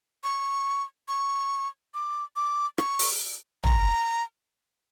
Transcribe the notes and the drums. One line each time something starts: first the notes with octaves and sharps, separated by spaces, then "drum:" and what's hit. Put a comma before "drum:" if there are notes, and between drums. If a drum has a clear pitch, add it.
C#6
C#6
D6
D6
C#6, drum: rim click
drum: open hi-hat
A#5, drum: tom